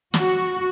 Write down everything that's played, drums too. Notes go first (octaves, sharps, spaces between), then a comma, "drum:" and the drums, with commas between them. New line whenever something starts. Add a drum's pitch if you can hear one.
F#4, drum: snare